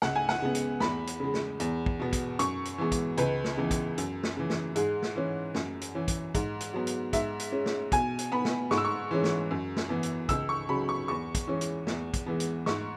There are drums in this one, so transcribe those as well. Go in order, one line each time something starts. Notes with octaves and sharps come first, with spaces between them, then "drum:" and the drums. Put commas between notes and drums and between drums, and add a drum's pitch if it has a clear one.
C#2 F#5, drum: snare
G#5
F#5, drum: snare
C#3 G#3 B3
drum: hi-hat
E2 B5, drum: snare
drum: hi-hat
C#3 G#3
drum: snare
E2, drum: hi-hat
drum: kick
B2 B3
drum: kick, hi-hat
F#2 C#6, drum: hi-hat
drum: hi-hat
E3 G#3 B3
drum: kick, hi-hat
C#2 B4, drum: hi-hat
drum: snare
C#3 E3 B3
drum: kick, hi-hat
F#2, drum: hi-hat
drum: snare
C#3 E3
drum: snare
G#2 G#4, drum: hi-hat
drum: snare
E3 C#4
F#2, drum: snare
drum: hi-hat
E3 C#4
drum: kick, hi-hat
G#2, drum: kick, hi-hat
drum: hi-hat
F#3 B3
drum: hi-hat
G#2 E5, drum: kick, hi-hat
drum: hi-hat
G#3 C#4
drum: snare
B2 G#5, drum: kick, hi-hat
drum: hi-hat
B3 B5
drum: snare
G#2 C#6, drum: snare
E6
C#6
E3 G#3 C#4
drum: snare
F#2
drum: snare
E3 B3
drum: hi-hat
C#2 E6, drum: kick, hi-hat
C#6
C#3 F#3 B5
C#6
E2 C#6
drum: kick, hi-hat
E3 G#3 C#4
drum: hi-hat
E2, drum: snare
drum: kick, hi-hat
E3 G#3 B3
drum: hi-hat
G#2 C#6, drum: snare